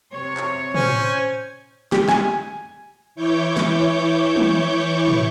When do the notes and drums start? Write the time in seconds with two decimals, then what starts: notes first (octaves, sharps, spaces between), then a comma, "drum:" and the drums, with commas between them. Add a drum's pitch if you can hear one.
0.12 C3 C#5
0.37 drum: clap
0.74 C#4 C5 G#5, drum: tom
1.92 G4, drum: snare
2.08 G#5, drum: snare
3.15 E3 E4 C#5 C#6 D6 G6
3.57 drum: snare
4.36 drum: tom
5.08 drum: tom